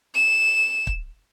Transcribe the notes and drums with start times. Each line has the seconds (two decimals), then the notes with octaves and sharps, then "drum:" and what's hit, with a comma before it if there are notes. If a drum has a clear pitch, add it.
0.14 E7
0.87 drum: kick